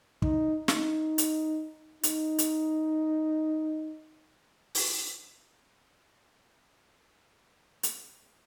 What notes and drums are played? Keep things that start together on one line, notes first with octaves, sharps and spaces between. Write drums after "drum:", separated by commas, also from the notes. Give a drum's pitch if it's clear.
D#4, drum: kick
D#4, drum: snare
drum: hi-hat
D#4, drum: hi-hat
drum: hi-hat
drum: open hi-hat
drum: hi-hat